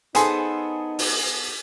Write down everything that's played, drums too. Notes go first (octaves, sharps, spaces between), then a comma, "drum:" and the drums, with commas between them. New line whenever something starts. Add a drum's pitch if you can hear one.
B3 D#4 G#4 A4 C5 G#5, drum: hi-hat
drum: open hi-hat